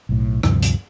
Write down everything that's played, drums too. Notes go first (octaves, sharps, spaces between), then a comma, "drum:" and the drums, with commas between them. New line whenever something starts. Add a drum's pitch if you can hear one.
B1 A2
D2 G2 C3 F3, drum: rim click
drum: hi-hat